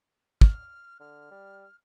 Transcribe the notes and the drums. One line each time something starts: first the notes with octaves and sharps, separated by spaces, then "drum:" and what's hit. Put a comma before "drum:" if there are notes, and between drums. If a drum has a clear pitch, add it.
F6, drum: kick
D3 F6
G3